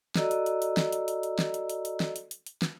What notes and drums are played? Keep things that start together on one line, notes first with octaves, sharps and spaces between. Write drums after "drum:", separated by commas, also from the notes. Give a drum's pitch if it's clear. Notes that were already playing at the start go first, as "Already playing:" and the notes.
F#4 A4 D5 D#5 A#5 E6, drum: snare
drum: hi-hat
drum: hi-hat
drum: hi-hat
drum: snare
drum: hi-hat
drum: hi-hat
drum: hi-hat
drum: snare
drum: hi-hat
drum: hi-hat
drum: hi-hat
drum: snare
drum: hi-hat
drum: hi-hat
drum: hi-hat
drum: snare